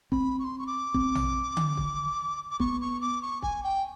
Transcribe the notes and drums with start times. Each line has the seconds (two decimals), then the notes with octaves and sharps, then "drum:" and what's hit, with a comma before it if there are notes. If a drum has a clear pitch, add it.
0.12 C4 B5, drum: kick
0.39 C#6
0.44 C6
0.59 C#6
0.67 D6
0.94 C4, drum: kick
1.15 drum: tom A#1
1.57 drum: tom D3
1.77 drum: kick
2.50 D6
2.60 B3 C#6, drum: kick
2.81 C#6
3.01 D6
3.22 C#6
3.42 G#5, drum: kick
3.64 G5